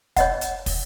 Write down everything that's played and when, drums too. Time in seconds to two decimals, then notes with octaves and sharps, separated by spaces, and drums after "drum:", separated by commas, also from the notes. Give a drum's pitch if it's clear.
0.17 C#5 D#5 F#5, drum: kick, hi-hat
0.41 drum: hi-hat
0.66 drum: kick, open hi-hat